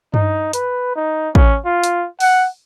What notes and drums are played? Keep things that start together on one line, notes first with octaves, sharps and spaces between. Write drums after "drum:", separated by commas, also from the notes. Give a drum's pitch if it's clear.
D#4, drum: tom G2
B4, drum: hi-hat
D#4
C#4, drum: kick
F4
drum: hi-hat
F#5, drum: open hi-hat